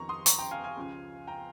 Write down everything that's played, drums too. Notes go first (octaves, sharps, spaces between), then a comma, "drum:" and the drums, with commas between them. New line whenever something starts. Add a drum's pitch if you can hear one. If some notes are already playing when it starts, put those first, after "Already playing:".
Already playing: F2 D#3 A#5 C#6
C6 D#6
A#5 C#6, drum: hi-hat
G5 A#5
F5 G#5
F5 G#5
C#2 C#3 F3
G5 A#5